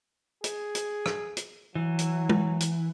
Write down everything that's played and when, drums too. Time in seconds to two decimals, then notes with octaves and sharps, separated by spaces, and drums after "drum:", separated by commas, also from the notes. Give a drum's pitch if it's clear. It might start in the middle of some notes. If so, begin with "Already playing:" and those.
0.44 G#4, drum: hi-hat
0.75 drum: hi-hat
1.06 drum: rim click
1.37 drum: hi-hat
1.75 E3 F#3
1.99 drum: hi-hat
2.29 drum: tom
2.60 drum: hi-hat